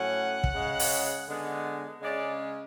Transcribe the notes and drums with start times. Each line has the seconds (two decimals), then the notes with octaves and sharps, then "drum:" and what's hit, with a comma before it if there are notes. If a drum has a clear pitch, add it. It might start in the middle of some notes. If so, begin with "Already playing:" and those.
Already playing: A2 F#3 C#4 F#5
0.44 drum: kick
0.54 C#3 G#3 C#4
0.79 drum: open hi-hat
1.28 D3 G#3 B3
2.01 C#3 G#3 C#4 D5